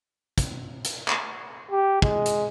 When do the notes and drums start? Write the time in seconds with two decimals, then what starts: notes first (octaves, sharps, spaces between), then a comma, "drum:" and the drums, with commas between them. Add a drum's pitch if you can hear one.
0.38 drum: kick, hi-hat
0.85 drum: hi-hat
1.08 drum: clap
1.71 G4
2.02 G#3, drum: kick
2.26 drum: hi-hat